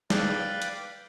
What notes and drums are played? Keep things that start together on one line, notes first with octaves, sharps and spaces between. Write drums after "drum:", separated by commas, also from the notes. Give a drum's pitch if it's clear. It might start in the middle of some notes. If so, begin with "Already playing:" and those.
B4 D5 F5 G5 B5, drum: snare
drum: hi-hat